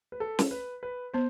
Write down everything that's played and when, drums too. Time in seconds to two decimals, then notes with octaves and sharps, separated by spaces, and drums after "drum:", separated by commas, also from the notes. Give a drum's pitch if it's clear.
0.12 B4
0.20 A4
0.39 drum: snare
0.51 B4
0.83 B4
1.14 B3 C5